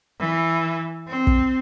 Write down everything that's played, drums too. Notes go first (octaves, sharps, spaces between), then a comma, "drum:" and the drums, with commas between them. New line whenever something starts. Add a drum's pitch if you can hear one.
E3
C4
drum: kick